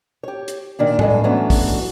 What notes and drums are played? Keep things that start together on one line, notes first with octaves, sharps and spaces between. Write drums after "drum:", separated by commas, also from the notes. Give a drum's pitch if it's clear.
G4 C#5
drum: hi-hat
A#2 D#3 D4
G2 G#3 A4 G#5, drum: tom A2
E3 F#3 A3 B3 C#4 D4
drum: kick, open hi-hat